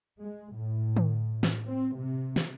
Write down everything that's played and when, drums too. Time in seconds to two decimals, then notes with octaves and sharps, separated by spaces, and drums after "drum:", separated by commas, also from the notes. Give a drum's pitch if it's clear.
0.19 G#3
0.53 A2
0.96 drum: tom
1.43 drum: snare
1.66 C4
1.96 C3
2.36 drum: snare